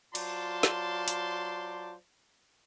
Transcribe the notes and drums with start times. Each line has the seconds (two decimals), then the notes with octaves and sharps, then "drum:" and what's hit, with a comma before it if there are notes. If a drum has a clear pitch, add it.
0.15 F#3 F4 C5 D5 A5 C6, drum: cymbal
0.63 drum: snare
1.08 drum: hi-hat